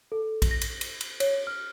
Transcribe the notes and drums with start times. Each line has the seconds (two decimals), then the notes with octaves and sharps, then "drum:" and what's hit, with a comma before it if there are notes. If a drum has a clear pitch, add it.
0.12 A4
0.42 drum: kick A#1, cymbal
0.51 A#6
0.62 drum: cymbal
0.81 drum: cymbal
1.01 drum: cymbal
1.20 C#5, drum: cymbal
1.47 F6